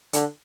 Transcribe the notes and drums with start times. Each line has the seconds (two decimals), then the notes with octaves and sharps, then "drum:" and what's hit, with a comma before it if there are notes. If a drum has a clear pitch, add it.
0.13 D3, drum: hi-hat